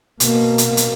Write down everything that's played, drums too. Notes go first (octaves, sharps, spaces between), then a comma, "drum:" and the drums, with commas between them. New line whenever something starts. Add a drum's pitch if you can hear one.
B2 A#3, drum: hi-hat
drum: hi-hat
drum: hi-hat